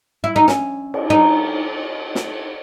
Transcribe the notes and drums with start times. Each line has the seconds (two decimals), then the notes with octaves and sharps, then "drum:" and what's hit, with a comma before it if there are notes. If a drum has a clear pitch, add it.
0.24 E4
0.36 D#4
0.48 C#4, drum: snare
0.94 drum: cymbal
1.10 D#4
2.15 drum: snare